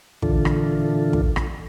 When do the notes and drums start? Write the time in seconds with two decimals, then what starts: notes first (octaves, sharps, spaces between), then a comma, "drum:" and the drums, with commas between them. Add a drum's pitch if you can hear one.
0.22 A#2 D3 E3 D4 F4 A4, drum: kick
0.45 drum: rim click
1.13 drum: kick
1.36 drum: rim click